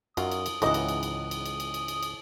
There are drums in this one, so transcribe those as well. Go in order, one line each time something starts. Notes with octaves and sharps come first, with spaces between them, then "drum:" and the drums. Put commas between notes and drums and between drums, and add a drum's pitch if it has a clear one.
F#2 F#3 D#4 F4 D#6, drum: cymbal
drum: cymbal
drum: cymbal
C#2 G#2 E3 F#3 D#4 D#5 F#5, drum: cymbal
drum: cymbal
drum: cymbal
drum: cymbal
drum: cymbal
drum: cymbal
drum: cymbal
drum: cymbal
drum: cymbal
drum: cymbal